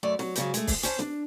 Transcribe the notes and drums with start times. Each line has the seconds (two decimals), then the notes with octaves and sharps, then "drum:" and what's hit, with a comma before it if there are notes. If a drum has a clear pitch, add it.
0.03 F#2 A3 D5
0.19 F#3, drum: snare
0.36 G#2 C#3 F#3, drum: hi-hat
0.54 G#3 A3, drum: hi-hat
0.67 drum: kick, open hi-hat
0.83 C#4 C5 G#5 A5, drum: hi-hat
0.99 D4, drum: snare